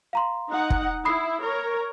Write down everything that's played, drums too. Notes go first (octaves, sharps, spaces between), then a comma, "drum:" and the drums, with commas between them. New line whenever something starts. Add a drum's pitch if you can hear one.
F5 A#5 C6
D#4 F#5
drum: kick
E4 B5 D#6 C7
A#4 C#5 A#5